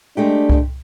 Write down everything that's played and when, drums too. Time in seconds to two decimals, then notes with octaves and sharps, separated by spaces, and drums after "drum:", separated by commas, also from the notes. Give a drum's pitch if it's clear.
0.17 G#3 A3 D4 G4
0.50 drum: kick C2